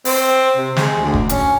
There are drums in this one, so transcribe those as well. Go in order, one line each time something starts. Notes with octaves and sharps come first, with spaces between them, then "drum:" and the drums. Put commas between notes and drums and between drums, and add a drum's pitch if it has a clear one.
C4, drum: open hi-hat
C3
G#3, drum: snare
D2
drum: kick E1
C#4, drum: hi-hat